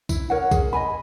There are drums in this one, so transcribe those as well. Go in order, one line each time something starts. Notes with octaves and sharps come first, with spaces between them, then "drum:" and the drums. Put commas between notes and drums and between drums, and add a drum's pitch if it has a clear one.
E4, drum: kick B1, tambourine
A#4 C#5 F#5
G#4, drum: kick B1, tambourine
D#5 G#5 B5